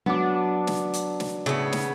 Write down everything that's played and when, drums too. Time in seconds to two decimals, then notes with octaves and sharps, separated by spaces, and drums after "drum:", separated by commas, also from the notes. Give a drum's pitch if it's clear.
0.06 F#3 B3 D4 D6
0.67 drum: snare
0.94 drum: hi-hat
1.20 drum: snare
1.46 A2 C#3 B3
1.72 drum: snare